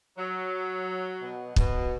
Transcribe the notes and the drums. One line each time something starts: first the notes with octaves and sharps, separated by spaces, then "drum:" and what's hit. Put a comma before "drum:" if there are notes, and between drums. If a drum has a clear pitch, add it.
F#3
B2
B2, drum: kick